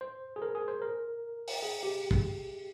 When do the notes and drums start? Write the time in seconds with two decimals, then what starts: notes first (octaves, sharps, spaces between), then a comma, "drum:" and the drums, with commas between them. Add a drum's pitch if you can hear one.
0.01 C5
0.36 G#4
0.42 A#4
0.55 G#4
0.68 C5
0.82 A#4
1.48 drum: open hi-hat
1.63 G#4
1.83 G4
2.11 drum: kick